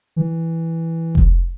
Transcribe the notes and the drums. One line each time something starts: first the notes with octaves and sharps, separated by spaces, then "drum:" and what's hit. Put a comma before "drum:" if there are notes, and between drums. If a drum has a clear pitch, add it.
E3
drum: kick F1